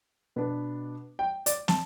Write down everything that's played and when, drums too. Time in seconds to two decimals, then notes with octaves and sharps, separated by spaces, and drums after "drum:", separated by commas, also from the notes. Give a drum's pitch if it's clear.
0.36 B2 B3 D4
1.19 G5
1.46 D5, drum: hi-hat
1.68 A5, drum: snare